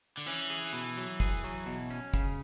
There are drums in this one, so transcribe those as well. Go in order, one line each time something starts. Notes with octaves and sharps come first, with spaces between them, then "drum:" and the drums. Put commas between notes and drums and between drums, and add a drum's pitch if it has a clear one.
D3
E3 C#4, drum: hi-hat
G#4
B2
F#3
G#4, drum: kick, open hi-hat
F#3
B2
C#4
C#3, drum: kick, hi-hat